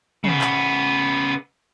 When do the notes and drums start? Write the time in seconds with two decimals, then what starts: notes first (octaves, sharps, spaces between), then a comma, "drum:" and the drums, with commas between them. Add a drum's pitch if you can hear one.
0.24 C#3 B3, drum: tom
0.41 drum: clap